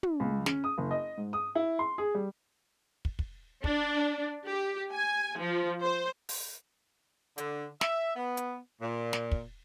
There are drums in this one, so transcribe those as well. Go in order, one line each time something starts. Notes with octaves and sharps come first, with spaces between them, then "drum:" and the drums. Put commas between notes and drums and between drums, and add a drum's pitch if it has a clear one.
drum: tom
C#2
C#4, drum: snare
D#6
F#1
D#5
G#2
D#6
E4
C6
G#4
G3
drum: kick
drum: kick
D4, drum: kick
G4
G#5
F3
C5
drum: open hi-hat
D3, drum: hi-hat
E5, drum: snare
B3
drum: hi-hat
A#2
drum: snare
drum: kick